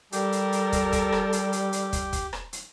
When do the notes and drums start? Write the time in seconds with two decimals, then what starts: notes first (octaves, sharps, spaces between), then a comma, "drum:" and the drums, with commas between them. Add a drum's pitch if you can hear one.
0.12 G3 G4 A4 A#4, drum: hi-hat
0.32 drum: hi-hat
0.52 drum: hi-hat
0.72 drum: kick, hi-hat
0.92 drum: kick, hi-hat
1.13 drum: rim click
1.33 drum: hi-hat
1.53 drum: hi-hat
1.73 drum: hi-hat
1.93 drum: kick, hi-hat
2.13 drum: kick, hi-hat
2.33 drum: rim click
2.53 drum: hi-hat